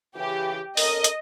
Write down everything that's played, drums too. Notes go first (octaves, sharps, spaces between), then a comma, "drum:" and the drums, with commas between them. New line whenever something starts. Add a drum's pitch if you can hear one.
C#3 E3 G4
C#4 A4 A#4 D#5, drum: open hi-hat
drum: hi-hat